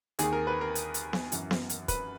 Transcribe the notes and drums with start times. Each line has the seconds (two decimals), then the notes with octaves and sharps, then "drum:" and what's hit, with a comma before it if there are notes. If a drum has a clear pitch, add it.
0.19 D#2 D#3 G#4, drum: hi-hat
0.33 A#4
0.47 B4
0.61 A#4
0.75 drum: hi-hat
0.94 drum: hi-hat
1.13 drum: snare B3
1.32 F#2 E3, drum: hi-hat
1.51 drum: snare B3
1.70 drum: hi-hat
1.88 B4, drum: kick, hi-hat